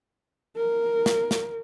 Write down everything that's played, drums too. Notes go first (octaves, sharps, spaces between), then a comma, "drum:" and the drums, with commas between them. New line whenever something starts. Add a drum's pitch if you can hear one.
A#4
drum: snare
drum: snare